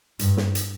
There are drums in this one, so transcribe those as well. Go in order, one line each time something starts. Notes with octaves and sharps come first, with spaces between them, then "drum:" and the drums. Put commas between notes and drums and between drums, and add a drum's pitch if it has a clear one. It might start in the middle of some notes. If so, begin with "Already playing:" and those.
G2, drum: hi-hat
drum: snare
drum: hi-hat